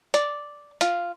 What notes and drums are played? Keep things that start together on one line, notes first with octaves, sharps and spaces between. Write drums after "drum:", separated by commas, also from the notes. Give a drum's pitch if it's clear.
D5, drum: hi-hat
F4, drum: hi-hat